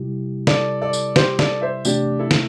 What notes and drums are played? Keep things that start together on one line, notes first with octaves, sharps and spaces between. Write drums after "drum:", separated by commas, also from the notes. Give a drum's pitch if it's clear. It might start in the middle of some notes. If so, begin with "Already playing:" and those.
Already playing: C3 G3 E4 G4
A4 D5, drum: snare
A4 D5
drum: tambourine
G4 C5, drum: snare
A4 D5, drum: snare
C5 E5
C3 E3 A3 C4 D4 G4, drum: tambourine
E4 A4
drum: snare